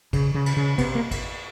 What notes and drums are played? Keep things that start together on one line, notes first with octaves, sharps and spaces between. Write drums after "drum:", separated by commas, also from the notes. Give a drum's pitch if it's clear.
C#3, drum: kick, cymbal
C#3
drum: cymbal
C#3
C3 B3, drum: kick, cymbal
A#3
drum: kick, cymbal